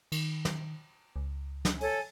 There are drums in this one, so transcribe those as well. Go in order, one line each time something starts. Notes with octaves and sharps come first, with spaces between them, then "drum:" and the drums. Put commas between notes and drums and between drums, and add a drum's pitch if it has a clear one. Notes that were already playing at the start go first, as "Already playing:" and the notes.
D#3, drum: cymbal
drum: snare
C#2
drum: snare
A4 C#5 G#5, drum: open hi-hat